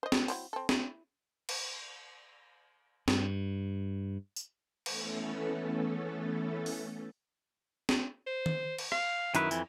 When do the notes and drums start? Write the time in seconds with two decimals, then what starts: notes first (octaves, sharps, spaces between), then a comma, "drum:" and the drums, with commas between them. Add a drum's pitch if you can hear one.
0.03 C5 D#5
0.12 drum: snare
0.28 F#3 C4 E4, drum: open hi-hat
0.53 C4 A4
0.69 E4, drum: snare
1.49 drum: cymbal
3.08 G2, drum: snare
4.36 drum: tambourine
4.86 E3 A3 B3 C#4 A4, drum: cymbal
6.66 drum: open hi-hat
7.89 drum: snare
8.27 C5
8.46 drum: tom D#3
8.78 drum: cymbal
8.92 F5, drum: rim click
9.35 F#2 D#3 E4 B4, drum: hi-hat
9.51 F2 E3, drum: tambourine